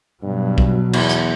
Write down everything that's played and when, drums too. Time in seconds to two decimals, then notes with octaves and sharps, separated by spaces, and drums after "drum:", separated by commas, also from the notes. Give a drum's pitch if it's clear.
0.23 G2 B2 F#3
0.58 drum: kick
0.93 E2, drum: cymbal
1.09 drum: hi-hat